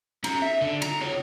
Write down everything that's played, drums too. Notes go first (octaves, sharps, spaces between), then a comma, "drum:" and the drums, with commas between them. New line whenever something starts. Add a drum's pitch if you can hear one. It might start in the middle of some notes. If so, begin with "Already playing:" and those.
C#4 A#5, drum: cymbal
E5
D3
A#5, drum: cymbal
F4 C#5